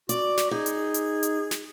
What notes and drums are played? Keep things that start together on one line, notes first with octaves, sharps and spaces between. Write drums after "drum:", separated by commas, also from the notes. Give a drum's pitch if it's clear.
F#4 D5, drum: hi-hat
drum: snare
D#4 G#4
drum: hi-hat
drum: hi-hat
drum: hi-hat
drum: snare